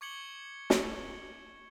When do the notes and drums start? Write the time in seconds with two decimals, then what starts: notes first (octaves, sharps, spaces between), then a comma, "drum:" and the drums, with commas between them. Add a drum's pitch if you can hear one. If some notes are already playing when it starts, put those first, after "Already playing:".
0.01 C#6 D6 G#6 C#7 F#7 G7
0.70 drum: snare